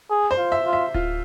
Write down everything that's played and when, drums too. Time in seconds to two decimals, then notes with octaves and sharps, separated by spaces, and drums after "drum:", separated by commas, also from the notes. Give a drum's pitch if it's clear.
0.10 G#4
0.31 C5
0.38 F4
0.52 E5
0.66 F4
0.73 E5
0.94 F4, drum: kick D1